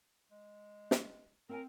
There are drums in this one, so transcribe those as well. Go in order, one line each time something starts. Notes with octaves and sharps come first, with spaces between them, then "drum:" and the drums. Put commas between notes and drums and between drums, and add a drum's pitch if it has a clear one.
G#3
drum: snare
C4 A#4 F5 G#5